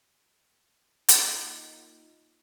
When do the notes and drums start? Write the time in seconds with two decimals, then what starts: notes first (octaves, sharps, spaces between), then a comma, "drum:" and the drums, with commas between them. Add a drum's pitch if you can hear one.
1.08 A#3 D#4 F4, drum: hi-hat